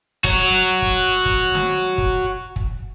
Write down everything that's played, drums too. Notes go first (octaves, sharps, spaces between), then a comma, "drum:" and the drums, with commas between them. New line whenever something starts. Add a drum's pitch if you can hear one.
F#4 C#5, drum: kick
drum: kick
drum: kick
drum: snare
drum: kick
drum: kick